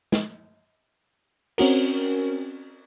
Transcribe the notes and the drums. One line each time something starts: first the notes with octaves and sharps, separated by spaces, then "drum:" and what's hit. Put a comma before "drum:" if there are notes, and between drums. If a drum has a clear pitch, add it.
drum: snare
C4 C#4 F#4 A#4, drum: cymbal